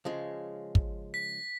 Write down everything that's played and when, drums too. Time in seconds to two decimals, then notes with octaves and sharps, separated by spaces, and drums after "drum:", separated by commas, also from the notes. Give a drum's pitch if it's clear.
0.05 C#3 F3 G#3
0.75 drum: kick
1.14 B6